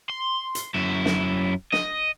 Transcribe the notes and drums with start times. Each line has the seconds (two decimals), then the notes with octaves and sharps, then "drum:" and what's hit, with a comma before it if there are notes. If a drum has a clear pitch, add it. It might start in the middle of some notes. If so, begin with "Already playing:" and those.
0.10 C6
0.55 drum: hi-hat
0.74 F#2 E4
1.05 drum: snare
1.73 D#5, drum: snare